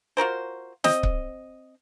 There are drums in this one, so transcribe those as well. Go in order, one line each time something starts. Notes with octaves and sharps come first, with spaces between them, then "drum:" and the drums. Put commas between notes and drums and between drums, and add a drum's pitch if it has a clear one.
F4 F#4 A#4 C5
C4 D#5, drum: snare
drum: kick C#1